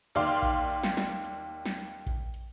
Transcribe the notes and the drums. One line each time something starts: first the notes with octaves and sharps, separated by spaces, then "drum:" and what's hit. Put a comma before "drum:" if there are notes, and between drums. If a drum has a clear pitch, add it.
D#2 D5 F5 C6, drum: hi-hat
drum: kick A#1, hi-hat
drum: hi-hat
drum: snare
drum: snare
drum: hi-hat
drum: snare
drum: hi-hat
drum: kick A#1, hi-hat
drum: hi-hat